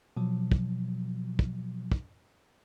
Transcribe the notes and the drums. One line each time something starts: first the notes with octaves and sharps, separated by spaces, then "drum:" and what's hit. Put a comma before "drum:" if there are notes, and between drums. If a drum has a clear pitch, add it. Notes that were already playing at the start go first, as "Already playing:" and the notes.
B2 F3 F#3
drum: kick
drum: kick
drum: kick